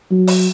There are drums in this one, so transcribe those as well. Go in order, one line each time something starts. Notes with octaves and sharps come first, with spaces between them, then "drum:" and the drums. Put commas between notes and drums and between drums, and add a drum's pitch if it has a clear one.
F#3
drum: open hi-hat